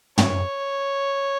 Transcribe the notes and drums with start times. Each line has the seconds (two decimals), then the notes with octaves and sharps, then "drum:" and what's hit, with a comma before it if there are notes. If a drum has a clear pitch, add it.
0.18 C#5, drum: tom